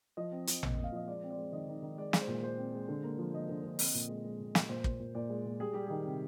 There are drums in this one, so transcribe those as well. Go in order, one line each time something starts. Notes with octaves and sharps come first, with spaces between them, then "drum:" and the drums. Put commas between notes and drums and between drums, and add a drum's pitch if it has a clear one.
F3 D#5
C4
F3, drum: hi-hat
A#2, drum: tom A1
A#2
F5
F3 D#5
G#3 D5
C4
D5
G#3
D#3 D#5
D#3
D#3
G#3 D5
G#3, drum: snare
C5
A#2
G#3 C5
C4
G#3
D3
A#3
F3
A#3 D#5
D3
D3
C4, drum: open hi-hat
A#2
G#3
G#3
A#2
A#2, drum: snare
A#2 C5
A#2, drum: kick
A#2
A#2 D5
G#3
A#2
G3 G#4
G3 G4
D#3 G#4
C3